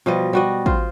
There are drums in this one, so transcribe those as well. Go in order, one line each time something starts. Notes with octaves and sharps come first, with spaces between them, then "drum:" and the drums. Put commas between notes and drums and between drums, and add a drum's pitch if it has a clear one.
B2 F3 G3 D#5
G3 F#4 D#5
F4 C5, drum: kick